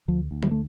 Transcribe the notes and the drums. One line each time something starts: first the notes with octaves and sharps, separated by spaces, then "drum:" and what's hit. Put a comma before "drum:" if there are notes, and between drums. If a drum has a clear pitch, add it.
D2 F3
D2
G3, drum: tom D3
A3